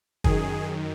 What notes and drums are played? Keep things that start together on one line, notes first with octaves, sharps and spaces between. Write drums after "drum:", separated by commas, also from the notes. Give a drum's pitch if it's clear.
F#2 D#3 G#4, drum: kick